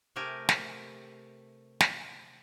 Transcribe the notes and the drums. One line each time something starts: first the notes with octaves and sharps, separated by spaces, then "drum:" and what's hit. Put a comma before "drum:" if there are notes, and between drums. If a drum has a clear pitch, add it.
C3 A3 G4 A#4 G#5
drum: snare
drum: snare